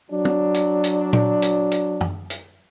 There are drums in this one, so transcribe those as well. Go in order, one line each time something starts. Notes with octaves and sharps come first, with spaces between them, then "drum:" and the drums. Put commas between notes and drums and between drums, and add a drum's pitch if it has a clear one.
F#3 D4
drum: tom
drum: hi-hat
drum: hi-hat
drum: tom A#2
drum: hi-hat
drum: hi-hat
drum: tom
drum: hi-hat